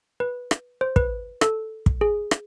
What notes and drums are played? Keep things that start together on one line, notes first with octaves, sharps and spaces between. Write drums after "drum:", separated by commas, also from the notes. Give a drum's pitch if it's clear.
B4
drum: rim click
C5
B4, drum: kick
A4, drum: rim click
drum: kick
G#4
drum: rim click